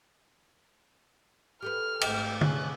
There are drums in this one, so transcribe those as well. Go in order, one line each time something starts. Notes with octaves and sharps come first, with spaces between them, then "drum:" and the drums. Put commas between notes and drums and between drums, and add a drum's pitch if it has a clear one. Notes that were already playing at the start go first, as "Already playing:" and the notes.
G4 A4 B4 F6
G#1 A3 G5, drum: cymbal
C3 C#4 G#4 F#6, drum: tom